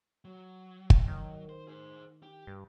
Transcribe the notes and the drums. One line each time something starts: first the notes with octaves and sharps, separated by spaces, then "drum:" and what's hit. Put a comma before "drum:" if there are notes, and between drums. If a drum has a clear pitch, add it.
F#3
drum: kick
D#3
C5
G#4 C5
G4
G2